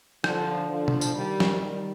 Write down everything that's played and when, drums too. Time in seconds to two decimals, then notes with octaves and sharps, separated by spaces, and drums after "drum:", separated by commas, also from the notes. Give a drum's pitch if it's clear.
0.24 D3 F3, drum: rim click
0.70 D3 F3
0.88 drum: tom
1.01 drum: tambourine
1.15 D#3 G3
1.40 drum: snare
1.59 D#3 G3